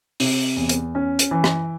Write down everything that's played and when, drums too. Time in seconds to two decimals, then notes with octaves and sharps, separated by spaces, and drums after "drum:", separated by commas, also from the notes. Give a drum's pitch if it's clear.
0.20 C3, drum: open hi-hat
0.56 E2
0.69 drum: hi-hat
0.95 C#4
1.19 drum: hi-hat
1.31 E3
1.44 drum: rim click